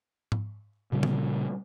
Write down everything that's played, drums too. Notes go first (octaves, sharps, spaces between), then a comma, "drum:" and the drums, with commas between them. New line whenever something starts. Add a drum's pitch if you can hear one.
drum: tom G#2
A#2 C#3 G3
drum: tom